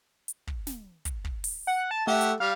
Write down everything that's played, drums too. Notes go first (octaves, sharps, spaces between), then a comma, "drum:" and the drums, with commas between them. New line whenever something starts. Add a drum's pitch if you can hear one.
drum: hi-hat
drum: kick
drum: snare
drum: kick, hi-hat
drum: kick
drum: open hi-hat
F#5
A5
A3 G4 E5 F#5
drum: hi-hat
G3 F5